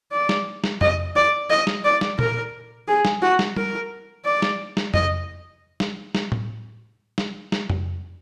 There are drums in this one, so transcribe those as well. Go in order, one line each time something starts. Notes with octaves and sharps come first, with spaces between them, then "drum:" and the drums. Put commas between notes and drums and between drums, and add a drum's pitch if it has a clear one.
D5
drum: snare
drum: snare
D#5, drum: tom F2
D5
D#5
drum: snare
D5
drum: snare
A#4, drum: tom A#2
G#4
drum: snare
F#4
drum: snare
A#4, drum: tom G3
D5
drum: snare
drum: snare
D#5, drum: tom F2
drum: snare
drum: snare
drum: tom A2
drum: snare
drum: snare
drum: tom F2